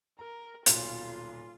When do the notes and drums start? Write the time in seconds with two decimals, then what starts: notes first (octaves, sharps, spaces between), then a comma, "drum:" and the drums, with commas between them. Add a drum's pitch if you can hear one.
0.19 A#4 A#5
0.66 D#1 B1 F4, drum: hi-hat